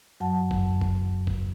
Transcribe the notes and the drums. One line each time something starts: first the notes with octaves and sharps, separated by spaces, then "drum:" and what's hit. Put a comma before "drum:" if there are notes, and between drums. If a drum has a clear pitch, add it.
F#2 F#3 F#5 A5
drum: kick
drum: kick
drum: kick